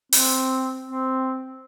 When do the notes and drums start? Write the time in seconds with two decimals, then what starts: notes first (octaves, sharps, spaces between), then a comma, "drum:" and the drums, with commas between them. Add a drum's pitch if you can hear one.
0.13 C4, drum: open hi-hat
0.86 C4